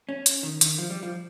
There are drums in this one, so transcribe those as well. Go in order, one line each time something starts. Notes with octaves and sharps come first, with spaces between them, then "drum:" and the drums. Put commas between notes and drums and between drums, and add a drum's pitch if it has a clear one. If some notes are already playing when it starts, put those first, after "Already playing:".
C#4
drum: hi-hat
D#3
D#3, drum: hi-hat
F3
G3
F3